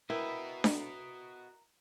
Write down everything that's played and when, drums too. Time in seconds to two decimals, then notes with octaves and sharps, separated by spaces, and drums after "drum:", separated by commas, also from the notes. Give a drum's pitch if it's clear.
0.10 E4 F#4 A#4 B4 D#5 G5
0.64 drum: snare D4